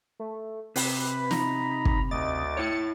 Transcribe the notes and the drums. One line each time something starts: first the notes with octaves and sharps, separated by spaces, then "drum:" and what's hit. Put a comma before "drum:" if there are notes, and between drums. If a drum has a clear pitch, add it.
A3
C3 B4 B5, drum: open hi-hat
D#4 A#5, drum: snare
drum: kick
D2 D#5 D6 A6
E4 C#5 C#7